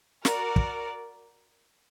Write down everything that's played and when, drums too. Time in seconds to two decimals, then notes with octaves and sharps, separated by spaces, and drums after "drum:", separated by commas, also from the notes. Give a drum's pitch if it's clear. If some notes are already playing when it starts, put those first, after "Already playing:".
0.25 F#4 A#4 D5, drum: snare
0.56 drum: kick